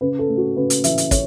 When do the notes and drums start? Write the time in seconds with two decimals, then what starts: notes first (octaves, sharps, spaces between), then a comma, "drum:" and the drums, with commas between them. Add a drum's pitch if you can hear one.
0.01 C#3 B4
0.19 A4
0.28 A3
0.37 F#4
0.56 C#3 B4
0.70 drum: hi-hat
0.84 E3 E5, drum: hi-hat
0.98 drum: hi-hat
1.11 C#3 C#5, drum: kick, hi-hat